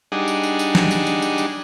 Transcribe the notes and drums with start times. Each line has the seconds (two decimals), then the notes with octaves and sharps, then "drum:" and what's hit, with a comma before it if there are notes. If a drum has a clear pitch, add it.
0.12 G3 D4 D#4 G#4 F#5
0.28 drum: tambourine
0.43 drum: tambourine
0.59 drum: tambourine
0.75 drum: snare
0.91 drum: tambourine
1.06 drum: tambourine
1.22 drum: tambourine
1.38 drum: tambourine